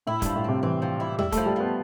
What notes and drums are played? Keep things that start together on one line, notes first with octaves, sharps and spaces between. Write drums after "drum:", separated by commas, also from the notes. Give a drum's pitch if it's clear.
A2 E4
G2, drum: kick, hi-hat
F3
A2
C3 C4
E3 C4
F3
E4
G3 E4, drum: tom E2
A3, drum: kick, hi-hat
F3
G3
F3 B3